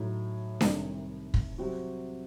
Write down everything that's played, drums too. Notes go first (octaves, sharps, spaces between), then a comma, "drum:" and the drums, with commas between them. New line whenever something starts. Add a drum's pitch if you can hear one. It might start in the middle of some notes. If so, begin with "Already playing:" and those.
Already playing: A2 F#3 A3 D#4
C2 C3 D#3, drum: snare D4
drum: kick
C3 F#3 C4 F#4